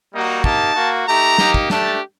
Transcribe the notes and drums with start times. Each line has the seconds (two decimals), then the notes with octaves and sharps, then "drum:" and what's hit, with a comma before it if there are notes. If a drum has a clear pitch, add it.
0.13 G3 A#3 D#4 F#4
0.44 A#3 D#4 G4 A5, drum: kick
0.75 A#3 F#4
1.07 A3 D#4 G4 A#5
1.38 A#3 D#4 G4, drum: snare
1.54 drum: kick
1.70 A3 D4 G4 A5, drum: snare